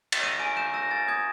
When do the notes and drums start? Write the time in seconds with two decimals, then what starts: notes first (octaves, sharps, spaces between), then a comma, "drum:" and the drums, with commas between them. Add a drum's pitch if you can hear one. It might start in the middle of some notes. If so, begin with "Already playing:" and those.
0.12 drum: cymbal
0.23 E6 D#7
0.39 G#5 D#7
0.56 G6 E7
0.74 E6 A#6
0.91 G#5 A6
1.08 D#6 G#6